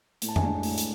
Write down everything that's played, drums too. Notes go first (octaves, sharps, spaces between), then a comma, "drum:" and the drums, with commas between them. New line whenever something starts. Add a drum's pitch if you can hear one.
A2, drum: hi-hat
A5
G#5, drum: tom F2
G#3 D4 A5
A2, drum: open hi-hat
drum: hi-hat